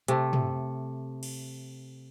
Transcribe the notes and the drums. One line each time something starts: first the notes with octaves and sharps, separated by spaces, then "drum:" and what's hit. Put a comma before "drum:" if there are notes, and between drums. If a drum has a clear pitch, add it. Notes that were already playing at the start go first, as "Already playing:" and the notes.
C3 A3, drum: hi-hat
drum: tom
drum: cymbal